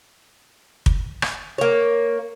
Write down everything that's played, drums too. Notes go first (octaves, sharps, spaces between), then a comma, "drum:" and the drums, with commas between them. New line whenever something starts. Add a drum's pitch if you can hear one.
drum: kick
drum: rim click
A#3 C#5